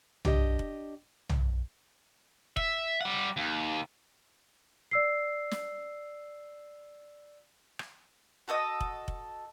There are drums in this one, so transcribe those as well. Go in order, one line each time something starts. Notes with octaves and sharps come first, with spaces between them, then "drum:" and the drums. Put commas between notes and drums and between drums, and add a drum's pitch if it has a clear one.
D4 G4 D#5, drum: tom B1
drum: kick F1
drum: tom B1
E5, drum: kick F1
G3 F#5
D#2
D5 E6 C7
drum: snare
drum: rim click
F#4 A4 D#5 D#6
drum: kick F1
drum: kick F1